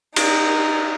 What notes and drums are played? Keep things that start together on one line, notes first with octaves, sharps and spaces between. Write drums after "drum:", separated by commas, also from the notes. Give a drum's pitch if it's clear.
D#4, drum: cymbal